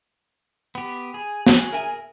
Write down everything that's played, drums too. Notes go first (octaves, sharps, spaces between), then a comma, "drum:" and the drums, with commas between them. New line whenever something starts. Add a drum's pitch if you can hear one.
B3 G4
G#4
F#4 G#4, drum: snare
A#4 E5 G#5